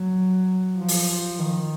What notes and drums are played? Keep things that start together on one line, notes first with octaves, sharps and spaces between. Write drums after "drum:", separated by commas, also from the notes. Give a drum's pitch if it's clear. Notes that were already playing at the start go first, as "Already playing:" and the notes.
Already playing: F#3
F3
drum: open hi-hat
D#3